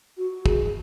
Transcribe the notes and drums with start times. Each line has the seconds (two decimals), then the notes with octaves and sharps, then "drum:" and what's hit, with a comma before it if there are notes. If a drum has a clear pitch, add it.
0.18 F#4
0.46 G#4, drum: kick